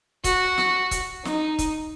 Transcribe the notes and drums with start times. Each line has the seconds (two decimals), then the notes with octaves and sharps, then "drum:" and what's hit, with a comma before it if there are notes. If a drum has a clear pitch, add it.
0.24 F#4, drum: kick, hi-hat
0.58 drum: snare
0.91 drum: kick, hi-hat
1.25 D#4, drum: snare
1.59 drum: kick, hi-hat